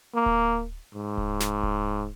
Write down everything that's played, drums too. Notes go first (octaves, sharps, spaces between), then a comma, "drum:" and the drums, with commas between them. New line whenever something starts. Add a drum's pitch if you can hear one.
A#3
drum: kick D1
G#2
drum: kick D1
drum: snare
drum: kick D1